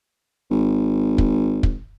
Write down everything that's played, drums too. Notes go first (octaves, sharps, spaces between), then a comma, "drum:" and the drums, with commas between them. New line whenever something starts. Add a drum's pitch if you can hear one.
G#1
drum: kick
drum: kick